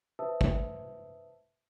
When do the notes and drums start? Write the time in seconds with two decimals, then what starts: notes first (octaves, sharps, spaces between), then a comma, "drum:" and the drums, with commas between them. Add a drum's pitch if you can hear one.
0.19 B4 C5 E5 A5 D#6 E6
0.41 drum: kick